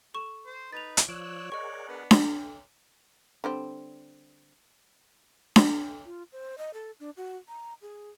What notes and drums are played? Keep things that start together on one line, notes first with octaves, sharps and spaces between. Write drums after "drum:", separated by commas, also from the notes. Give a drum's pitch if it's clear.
A4 C#6 E7
C5
D#4 B4 A6 F7
drum: hi-hat
F3 C#5 D5 E6 F#6 D7
G#4 A#4 D#5 F#5 C#6
B3 D4
drum: snare D4
D3 G3 C4
drum: snare D4
F4
C5
D#5
A4
D4
F#4
A#5
G#4